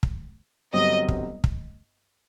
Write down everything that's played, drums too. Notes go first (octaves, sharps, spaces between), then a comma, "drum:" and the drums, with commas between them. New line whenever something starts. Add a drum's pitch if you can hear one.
drum: kick
G1 G2 F#3 C4 D#5
drum: kick
drum: kick